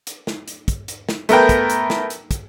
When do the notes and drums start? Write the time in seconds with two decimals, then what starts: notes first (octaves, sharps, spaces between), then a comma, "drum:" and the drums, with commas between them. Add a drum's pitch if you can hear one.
0.07 drum: hi-hat
0.27 drum: snare
0.48 drum: hi-hat
0.68 drum: kick, hi-hat
0.88 drum: hi-hat
1.09 drum: snare
1.29 A3 B3 A#4 G5, drum: hi-hat
1.49 drum: kick, hi-hat
1.70 drum: hi-hat
1.90 drum: snare
2.10 drum: hi-hat
2.31 drum: kick, hi-hat